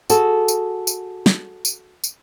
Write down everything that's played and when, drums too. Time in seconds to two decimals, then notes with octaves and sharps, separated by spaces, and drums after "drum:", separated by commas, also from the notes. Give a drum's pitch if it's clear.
0.10 F#4 G#4 A4, drum: tambourine
0.48 drum: tambourine
0.87 drum: tambourine
1.26 drum: snare
1.65 drum: tambourine
2.04 drum: tambourine